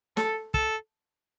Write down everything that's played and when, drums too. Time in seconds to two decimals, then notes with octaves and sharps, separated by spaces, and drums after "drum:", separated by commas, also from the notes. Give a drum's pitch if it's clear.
0.17 A4, drum: snare
0.54 A4, drum: kick